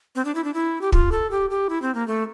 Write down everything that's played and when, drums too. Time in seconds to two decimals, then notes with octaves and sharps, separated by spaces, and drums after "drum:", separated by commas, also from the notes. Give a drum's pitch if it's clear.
0.15 C4
0.25 D4
0.35 E4
0.44 D4
0.54 E4
0.81 G4
0.92 F4, drum: kick
1.12 A4
1.31 G4
1.50 G4
1.69 E4
1.82 C4
1.95 A#3
2.08 A3